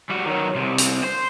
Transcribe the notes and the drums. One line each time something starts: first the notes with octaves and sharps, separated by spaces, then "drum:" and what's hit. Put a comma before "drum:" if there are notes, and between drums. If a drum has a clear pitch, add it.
G3 F#4
D#3 F#3
C2 C3
drum: hi-hat
C5